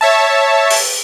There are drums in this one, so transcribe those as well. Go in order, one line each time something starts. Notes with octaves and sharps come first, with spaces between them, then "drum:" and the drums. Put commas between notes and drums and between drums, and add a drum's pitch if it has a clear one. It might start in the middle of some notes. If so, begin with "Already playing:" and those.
C#5 E5 A5
drum: open hi-hat